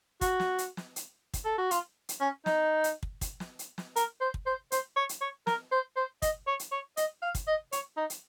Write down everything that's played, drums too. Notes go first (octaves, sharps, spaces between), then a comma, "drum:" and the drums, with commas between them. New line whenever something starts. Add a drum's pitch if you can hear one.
F#4, drum: kick, hi-hat
drum: snare
drum: hi-hat
drum: snare
drum: hi-hat
drum: kick, hi-hat
A4
F#4
F4, drum: hi-hat
drum: hi-hat
C#4
D#4, drum: snare
drum: hi-hat
drum: kick
drum: kick, hi-hat
drum: snare
drum: hi-hat
drum: snare
A#4, drum: hi-hat
C5
drum: kick
C5
C5, drum: hi-hat
C#5
drum: hi-hat
C#5
A#4, drum: snare
C5
C5
D#5, drum: kick, hi-hat
C#5
drum: hi-hat
C#5
D#5, drum: hi-hat
F5
drum: kick, hi-hat
D#5
C#5, drum: hi-hat
D#4
drum: hi-hat